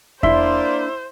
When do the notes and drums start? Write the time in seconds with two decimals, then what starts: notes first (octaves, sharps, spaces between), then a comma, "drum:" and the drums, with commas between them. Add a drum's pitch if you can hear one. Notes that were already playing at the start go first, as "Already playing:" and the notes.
0.23 A#3 D4 E4 C5 D5 E5 C6, drum: kick E2